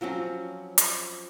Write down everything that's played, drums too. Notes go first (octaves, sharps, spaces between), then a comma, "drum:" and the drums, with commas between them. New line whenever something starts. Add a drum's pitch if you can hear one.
F3 F#3 C4 C#4
drum: hi-hat